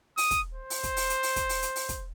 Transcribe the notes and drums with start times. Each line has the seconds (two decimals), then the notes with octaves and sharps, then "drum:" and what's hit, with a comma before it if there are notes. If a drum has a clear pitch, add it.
0.18 D#6, drum: open hi-hat
0.31 drum: kick, hi-hat
0.54 C5
0.70 drum: open hi-hat
0.83 drum: kick, hi-hat
0.97 drum: open hi-hat
1.10 drum: hi-hat
1.23 drum: open hi-hat
1.36 drum: kick, hi-hat
1.49 drum: open hi-hat
1.62 drum: hi-hat
1.76 drum: open hi-hat
1.89 drum: kick, hi-hat